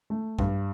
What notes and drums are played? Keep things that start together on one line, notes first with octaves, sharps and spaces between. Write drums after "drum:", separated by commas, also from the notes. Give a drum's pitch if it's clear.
A3
G2, drum: kick A#1